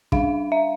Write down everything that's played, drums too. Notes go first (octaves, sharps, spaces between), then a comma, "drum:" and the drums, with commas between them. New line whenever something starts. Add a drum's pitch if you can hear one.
G3 D4 F5, drum: kick
E5